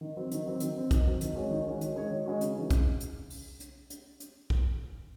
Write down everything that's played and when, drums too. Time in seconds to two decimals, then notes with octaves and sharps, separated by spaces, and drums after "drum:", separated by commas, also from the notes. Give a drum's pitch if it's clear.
0.01 D#3
0.17 F#3 C4
0.32 D#3, drum: hi-hat
0.46 F#3 C4
0.60 D#3, drum: hi-hat
0.76 F#3 C4
0.91 D#3, drum: kick B1, hi-hat
1.06 F#3 C4
1.21 D#3, drum: hi-hat
1.35 G#3 C#4 F#4 C#5
1.50 D#3
1.65 G#3 C#4 F#4 C#5
1.81 D#3, drum: hi-hat
1.96 G#3 C#4 F#4 C#5
2.11 D#3
2.25 G#3 C#4 F#4 C#5
2.41 C#3, drum: hi-hat
2.55 E3 G#3 D#4
2.70 C#3, drum: kick B1, hi-hat
3.00 drum: hi-hat
3.30 drum: open hi-hat
3.60 drum: hi-hat
3.90 drum: hi-hat
4.20 drum: hi-hat
4.50 drum: kick B1